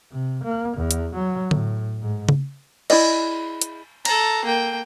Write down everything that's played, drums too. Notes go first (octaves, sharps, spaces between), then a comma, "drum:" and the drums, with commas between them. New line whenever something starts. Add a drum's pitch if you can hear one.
C3
A#3
E2
drum: hi-hat
F#3
A2, drum: tom D3
G#2
drum: tom C#3
E4 G#4 D5 D#5, drum: cymbal
drum: hi-hat
A4 A#5, drum: cymbal
A#3 G5